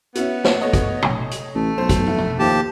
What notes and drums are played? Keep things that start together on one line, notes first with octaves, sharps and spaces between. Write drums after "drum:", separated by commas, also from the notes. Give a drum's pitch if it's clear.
B3 C#4 E4 F#4, drum: hi-hat
drum: snare
A3 C#5 D#5
drum: kick, hi-hat
drum: tom A#2
drum: hi-hat
A1 A3
B1 C5
drum: kick, hi-hat
F1 E4
drum: tom
D#2 F3 G4 A5